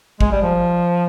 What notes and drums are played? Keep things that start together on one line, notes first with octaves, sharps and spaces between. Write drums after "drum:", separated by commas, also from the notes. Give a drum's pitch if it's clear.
G#3, drum: kick
G3
F3